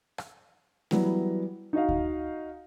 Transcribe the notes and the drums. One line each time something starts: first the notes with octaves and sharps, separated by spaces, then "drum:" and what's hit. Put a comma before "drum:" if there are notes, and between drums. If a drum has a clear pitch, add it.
drum: rim click
E3 F#3 G3 B3, drum: snare A3
D#4 F#4 D#5 F5
drum: kick D2